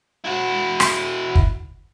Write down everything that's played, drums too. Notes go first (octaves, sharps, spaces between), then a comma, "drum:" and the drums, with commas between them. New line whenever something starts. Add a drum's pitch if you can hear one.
E4 F#4
drum: rim click
drum: kick